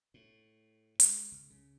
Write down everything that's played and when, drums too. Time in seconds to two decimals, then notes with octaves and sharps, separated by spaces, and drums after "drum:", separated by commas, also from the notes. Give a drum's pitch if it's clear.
0.14 A2
1.00 G#3, drum: hi-hat
1.32 C#2
1.50 C#3